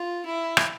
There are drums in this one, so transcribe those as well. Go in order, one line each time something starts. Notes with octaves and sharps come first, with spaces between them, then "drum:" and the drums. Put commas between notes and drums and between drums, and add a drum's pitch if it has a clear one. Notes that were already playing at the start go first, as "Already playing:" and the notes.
Already playing: F4
E4
drum: rim click